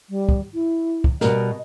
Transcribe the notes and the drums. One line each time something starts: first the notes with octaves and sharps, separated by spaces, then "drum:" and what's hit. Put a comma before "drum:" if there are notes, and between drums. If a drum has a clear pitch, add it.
G3
drum: kick
E4
drum: kick
B2 G3 A#4 D#5, drum: snare